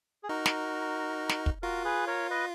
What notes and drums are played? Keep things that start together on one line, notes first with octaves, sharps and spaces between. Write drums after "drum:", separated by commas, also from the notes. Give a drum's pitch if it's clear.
G#4
D#4 F#4 A#4
drum: snare
drum: snare
drum: kick
F4 F#4 A#4
G#4 B4
A#4 C#5
B4 D#5